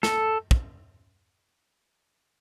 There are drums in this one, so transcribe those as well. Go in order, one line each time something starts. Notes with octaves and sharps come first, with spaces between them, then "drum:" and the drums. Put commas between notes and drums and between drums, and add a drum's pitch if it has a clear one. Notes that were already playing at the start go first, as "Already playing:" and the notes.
A4, drum: snare
drum: kick